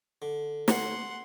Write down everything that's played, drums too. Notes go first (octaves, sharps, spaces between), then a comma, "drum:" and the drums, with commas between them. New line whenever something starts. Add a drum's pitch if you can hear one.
D3
F#5 C6, drum: snare